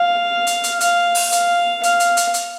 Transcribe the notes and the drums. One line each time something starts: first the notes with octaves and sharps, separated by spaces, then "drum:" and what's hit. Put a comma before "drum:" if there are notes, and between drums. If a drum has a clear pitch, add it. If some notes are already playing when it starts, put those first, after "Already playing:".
Already playing: F5
drum: hi-hat
drum: hi-hat
F5, drum: hi-hat
drum: open hi-hat
F5, drum: hi-hat
F5, drum: hi-hat
drum: hi-hat
drum: hi-hat
drum: hi-hat